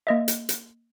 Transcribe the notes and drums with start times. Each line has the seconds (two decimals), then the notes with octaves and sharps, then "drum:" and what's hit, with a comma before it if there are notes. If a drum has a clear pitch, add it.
0.07 A#3 D#5 E5
0.28 drum: hi-hat
0.49 drum: hi-hat